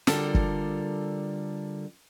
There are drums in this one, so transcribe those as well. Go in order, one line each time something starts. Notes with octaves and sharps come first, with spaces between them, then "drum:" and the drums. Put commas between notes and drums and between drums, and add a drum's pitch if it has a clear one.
D3 G3 F4 A4 A#4, drum: snare
drum: kick